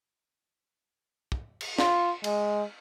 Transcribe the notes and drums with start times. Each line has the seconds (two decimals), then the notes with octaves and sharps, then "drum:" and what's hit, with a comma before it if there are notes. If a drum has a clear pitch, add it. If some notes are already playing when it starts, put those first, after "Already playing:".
1.32 drum: kick
1.61 drum: cymbal
1.78 F4, drum: snare
2.24 G#3, drum: cymbal